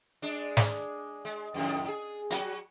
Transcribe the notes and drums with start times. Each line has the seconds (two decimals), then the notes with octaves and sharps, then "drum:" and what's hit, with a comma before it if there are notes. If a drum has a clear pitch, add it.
0.22 G#3 D4
0.57 drum: snare
1.25 G#3
1.54 F2 A2 D#3
1.88 G#4
2.30 F#3 F4 F#4, drum: hi-hat